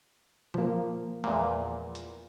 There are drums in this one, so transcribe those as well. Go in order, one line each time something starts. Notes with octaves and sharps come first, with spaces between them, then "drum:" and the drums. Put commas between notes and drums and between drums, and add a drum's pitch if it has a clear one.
F3 A#3, drum: tom A#2
E2 A#2, drum: tom G#3
drum: hi-hat